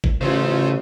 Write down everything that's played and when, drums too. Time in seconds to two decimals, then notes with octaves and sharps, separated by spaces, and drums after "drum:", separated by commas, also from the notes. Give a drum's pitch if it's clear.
0.04 drum: kick G1
0.21 A1 C#3 F4 A4 C5